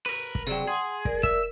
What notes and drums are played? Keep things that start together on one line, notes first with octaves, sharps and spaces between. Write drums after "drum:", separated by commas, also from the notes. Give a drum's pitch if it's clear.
A#4 B4
drum: kick
C3 F#3 G#4 D5 G5
G#4 F#5 C6 D#6
A#4 D5, drum: kick
E5, drum: kick